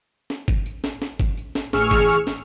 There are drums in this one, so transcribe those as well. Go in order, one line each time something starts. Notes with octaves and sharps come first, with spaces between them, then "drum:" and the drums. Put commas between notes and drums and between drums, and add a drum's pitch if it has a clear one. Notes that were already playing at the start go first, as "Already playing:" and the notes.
drum: snare
drum: kick G1, tambourine
drum: tambourine
drum: snare
drum: snare
drum: kick G1, tambourine
drum: tambourine
drum: snare
A1 G#4 C#6 E6 F6, drum: snare
drum: kick G1, tambourine
drum: tambourine
drum: snare